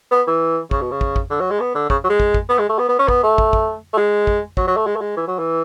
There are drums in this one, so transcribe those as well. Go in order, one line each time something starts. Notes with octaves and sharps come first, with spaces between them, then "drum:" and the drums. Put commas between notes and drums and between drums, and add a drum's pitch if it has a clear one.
B3
E3
C#3, drum: kick
B2
C#3
drum: kick
drum: kick
D3
F#3
G#3
B3
D3
C#3, drum: kick
F#3
G#3
drum: kick
drum: kick
B3
G#3
A3
B3
B3
C#4
B3, drum: kick
A3
drum: kick
drum: kick
A3
G#3
drum: kick
F#3, drum: kick
F#3
A3
G#3
A3
G#3
E3
F#3
E3